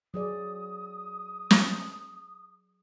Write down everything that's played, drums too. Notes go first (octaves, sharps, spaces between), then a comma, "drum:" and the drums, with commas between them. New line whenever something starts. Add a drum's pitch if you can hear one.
F#3 G#4 D5 D#6
drum: snare